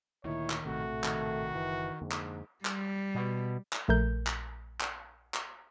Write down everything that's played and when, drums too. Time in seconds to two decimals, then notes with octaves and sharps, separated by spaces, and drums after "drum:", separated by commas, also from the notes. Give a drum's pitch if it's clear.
0.24 D2 A#2 D#3 E4 C#5
0.50 drum: clap
0.66 A#1 A2 C3 A3 F#4
1.04 D#3, drum: clap
1.54 F#1 E3
2.02 F2 G#2 D3 A#3
2.11 drum: clap
2.65 G3, drum: clap
3.15 B2
3.73 drum: clap
3.88 A#1 A3 A#4 G6
4.27 drum: clap
4.81 drum: clap
5.34 drum: clap